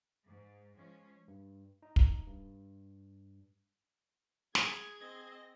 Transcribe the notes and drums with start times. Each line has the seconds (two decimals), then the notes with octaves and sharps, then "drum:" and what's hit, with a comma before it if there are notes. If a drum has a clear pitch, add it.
0.25 G#2
0.76 F3 G#3 C#4
1.28 G2
1.82 D#4
1.96 drum: kick
2.27 G2
4.55 G#4 G#6, drum: snare
4.99 C4 D#5